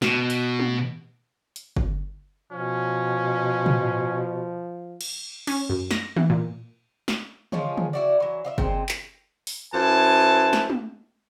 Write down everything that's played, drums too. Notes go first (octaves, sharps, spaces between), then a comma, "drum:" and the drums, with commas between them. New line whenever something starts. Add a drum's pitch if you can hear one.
B2, drum: snare
drum: hi-hat
drum: tom
drum: hi-hat
drum: kick G1
B2 F3 C#4
drum: tom
drum: cymbal
C#4, drum: cymbal
F#2
A#6, drum: snare
E3, drum: tom
A#2
drum: snare
F3 G#3 C#4 F4, drum: tom
drum: tom
E4 F#4 D5
E3 F#3
F4 D#5 E5
A#2 G#3 C4 C5, drum: kick G1
drum: clap
drum: open hi-hat
F#2 E4 B4 C5 G#5 A5
drum: snare
drum: tom